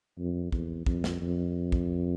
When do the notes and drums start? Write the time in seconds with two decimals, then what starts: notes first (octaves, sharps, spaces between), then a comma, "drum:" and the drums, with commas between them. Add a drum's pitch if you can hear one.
0.18 F2
0.52 E2, drum: kick
0.86 F2, drum: kick
1.04 drum: snare
1.21 F2
1.72 drum: kick